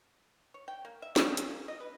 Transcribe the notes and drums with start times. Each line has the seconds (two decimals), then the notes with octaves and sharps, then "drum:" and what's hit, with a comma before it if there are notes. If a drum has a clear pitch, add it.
0.54 C#5
0.68 G5
0.85 A#3
1.02 E5
1.16 C#6, drum: snare
1.37 G#4, drum: hi-hat
1.50 A#3
1.68 D#5
1.80 B4